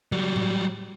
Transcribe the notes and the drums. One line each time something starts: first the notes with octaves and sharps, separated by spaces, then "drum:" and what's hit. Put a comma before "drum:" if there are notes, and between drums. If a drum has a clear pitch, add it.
F#3 G3, drum: tom C#3
drum: tom A2